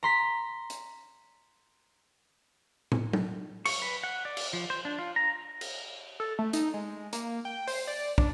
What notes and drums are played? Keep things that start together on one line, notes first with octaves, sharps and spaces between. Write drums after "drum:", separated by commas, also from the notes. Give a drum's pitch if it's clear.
A#5 C6 B6
drum: hi-hat
drum: tom
drum: tom F#3
C#6, drum: cymbal
B4
F#5
D5
drum: cymbal
F3
C5
D4
F4
A#5
drum: cymbal
A4
A3
D#4, drum: hi-hat
G#3
A#3, drum: hi-hat
G5
C5, drum: open hi-hat
D5
D4, drum: kick